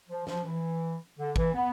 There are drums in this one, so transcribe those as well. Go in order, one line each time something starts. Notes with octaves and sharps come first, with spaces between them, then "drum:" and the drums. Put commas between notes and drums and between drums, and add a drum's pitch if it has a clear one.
F3
F3, drum: snare
E3
D3
E3, drum: kick
B3